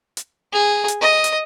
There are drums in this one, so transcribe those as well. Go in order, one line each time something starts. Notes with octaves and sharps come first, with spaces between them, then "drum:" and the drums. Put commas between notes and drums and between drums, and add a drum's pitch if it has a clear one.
drum: hi-hat
G#4
drum: hi-hat
D#5
drum: hi-hat